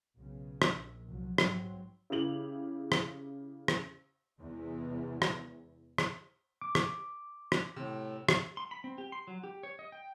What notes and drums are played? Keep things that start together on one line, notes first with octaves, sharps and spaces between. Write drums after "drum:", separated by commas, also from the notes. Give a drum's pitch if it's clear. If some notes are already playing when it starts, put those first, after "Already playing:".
B1 C#3
drum: rim click
A#1
C2 F3 F#3
G#2 F#3 C4, drum: rim click
C#3 E4 G4 F7 F#7
drum: rim click
drum: rim click
E2 C3 E3 G#3
drum: rim click
drum: rim click
D6
drum: rim click
drum: rim click
A2 C3
drum: rim click
C6
B5
C4
G4
C6
F#3
G4
C#5
D#5
G5